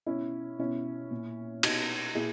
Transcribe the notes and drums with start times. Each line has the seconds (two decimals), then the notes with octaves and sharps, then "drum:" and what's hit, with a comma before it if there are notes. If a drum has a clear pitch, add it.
0.07 B2 C#4 E4
0.59 B2 C#4 E4
1.11 A#2
1.63 B2 D#4 F#4, drum: cymbal
2.15 A#2 E4 G#4